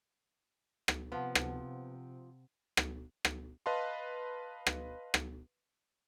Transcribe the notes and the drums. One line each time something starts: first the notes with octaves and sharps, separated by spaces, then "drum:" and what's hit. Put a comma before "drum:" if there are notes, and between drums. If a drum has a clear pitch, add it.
drum: rim click
C3 F3 B3 F5 F#5 A5
drum: rim click
drum: rim click
drum: rim click
B4 D#5 F5 A5 C6
drum: rim click
drum: rim click